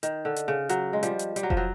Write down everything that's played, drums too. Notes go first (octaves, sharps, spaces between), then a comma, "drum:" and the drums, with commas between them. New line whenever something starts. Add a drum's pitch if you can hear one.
D#3, drum: hi-hat
D3
drum: hi-hat
C#3
F#3, drum: hi-hat
G#3
F3 G3, drum: hi-hat
drum: hi-hat
G3, drum: hi-hat
F#3
F3, drum: kick F1
F#3